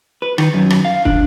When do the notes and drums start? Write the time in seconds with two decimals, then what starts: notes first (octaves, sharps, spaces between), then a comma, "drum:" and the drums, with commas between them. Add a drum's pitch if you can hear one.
0.22 B4
0.38 D#3, drum: rim click
0.54 F#2
0.70 drum: rim click
0.85 F5
1.05 D4, drum: kick